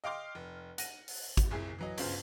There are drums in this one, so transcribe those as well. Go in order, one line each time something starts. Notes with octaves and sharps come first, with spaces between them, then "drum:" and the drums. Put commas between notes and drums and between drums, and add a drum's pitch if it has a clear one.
D#5 F5 G5 C6 D6 F6
F1
F#5 A#6 D#7, drum: hi-hat
drum: open hi-hat
drum: kick, hi-hat
F#1 C2 E4 G#4 C7
E3 F#3 D#5
G1 D2 C#3 F4 C5, drum: open hi-hat